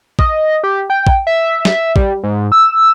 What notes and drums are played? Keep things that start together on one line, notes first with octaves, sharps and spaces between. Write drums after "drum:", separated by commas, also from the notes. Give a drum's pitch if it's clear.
D#5, drum: kick
G4
G5
drum: kick
E5
drum: snare
G3, drum: kick
G#2
E6